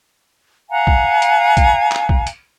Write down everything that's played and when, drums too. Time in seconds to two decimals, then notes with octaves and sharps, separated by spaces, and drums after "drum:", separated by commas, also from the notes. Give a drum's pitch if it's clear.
0.70 F5 F#5 G#5 A#5
0.87 drum: kick
1.22 drum: hi-hat
1.57 drum: kick, hi-hat
1.92 drum: clap
2.09 drum: kick
2.27 drum: hi-hat